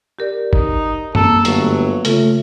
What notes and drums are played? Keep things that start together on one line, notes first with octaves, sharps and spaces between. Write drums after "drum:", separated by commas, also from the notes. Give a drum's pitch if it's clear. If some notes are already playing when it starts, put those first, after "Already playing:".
G4 A#4 D5
D#4, drum: kick
A#3 A4, drum: tom F#2
G1 F#3 A3, drum: hi-hat
C#3 A3 F4, drum: hi-hat